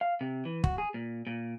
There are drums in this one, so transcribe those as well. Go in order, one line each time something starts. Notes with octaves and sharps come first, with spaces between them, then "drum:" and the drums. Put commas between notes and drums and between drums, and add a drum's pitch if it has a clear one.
F5
C3
E3
F#4, drum: kick
G#4
A#2
A#2